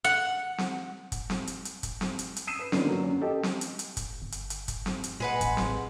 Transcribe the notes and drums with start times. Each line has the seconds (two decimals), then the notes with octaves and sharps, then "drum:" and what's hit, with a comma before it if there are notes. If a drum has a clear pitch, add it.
0.04 F#5
0.58 drum: snare C4
1.12 drum: kick, hi-hat
1.30 drum: snare C4
1.47 drum: hi-hat
1.65 drum: hi-hat
1.83 drum: kick, hi-hat
2.01 drum: snare C4
2.19 drum: hi-hat
2.36 drum: hi-hat
2.47 D#6 E6 C7 D#7 E7
2.59 B4
2.72 D3 D#3 B3 C#4 F4, drum: snare C4
2.86 F#3 A#3
3.03 F#2
3.21 G4 A4 D#5 G5
3.43 drum: snare C4
3.61 drum: hi-hat
3.79 drum: hi-hat
3.97 drum: kick, hi-hat
4.22 G1
4.32 drum: hi-hat
4.50 drum: hi-hat
4.68 drum: kick, hi-hat
4.86 drum: snare C4
5.04 drum: hi-hat
5.20 A#2 G#3 B4 F#5
5.41 A1, drum: kick, hi-hat
5.57 drum: snare C4